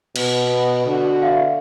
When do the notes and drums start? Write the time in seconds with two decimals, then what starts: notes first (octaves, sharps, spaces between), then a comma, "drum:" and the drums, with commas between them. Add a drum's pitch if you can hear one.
0.16 B2, drum: cymbal
0.46 B3
0.86 B2 D3 F#4
1.22 E5 F5